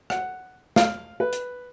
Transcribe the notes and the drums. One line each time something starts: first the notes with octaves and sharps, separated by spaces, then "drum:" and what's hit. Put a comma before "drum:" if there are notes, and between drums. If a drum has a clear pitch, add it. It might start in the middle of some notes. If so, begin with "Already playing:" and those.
F#5, drum: rim click
F5, drum: snare
B4
drum: hi-hat